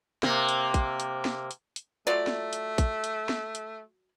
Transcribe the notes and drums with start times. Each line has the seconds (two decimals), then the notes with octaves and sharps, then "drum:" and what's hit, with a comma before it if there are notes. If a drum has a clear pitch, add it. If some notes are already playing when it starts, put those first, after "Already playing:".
0.23 C3 A#3, drum: snare
0.49 drum: hi-hat
0.74 drum: kick, hi-hat
1.00 drum: hi-hat
1.25 drum: snare
1.51 drum: hi-hat
1.76 drum: hi-hat
2.07 F#3 A3 F4 D5
2.27 drum: snare
2.53 drum: hi-hat
2.78 drum: kick, hi-hat
3.04 drum: hi-hat
3.29 drum: snare
3.55 drum: hi-hat